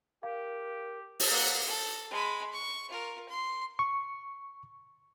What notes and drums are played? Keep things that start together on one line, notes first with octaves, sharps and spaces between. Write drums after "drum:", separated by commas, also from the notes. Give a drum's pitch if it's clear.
G4 A#4 F5
drum: open hi-hat
A#3 F#5
A4
G#3 B5
C#6
F4 A#4
C6
C#6